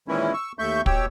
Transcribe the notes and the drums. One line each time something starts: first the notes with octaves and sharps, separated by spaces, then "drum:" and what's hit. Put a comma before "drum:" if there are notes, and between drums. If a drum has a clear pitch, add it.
A#2 D#3 E3 G#3 C#4 E4
C#6 E6
D#2 A3 E5 C#6 G6
B2 G4 C#5 G5 E6, drum: kick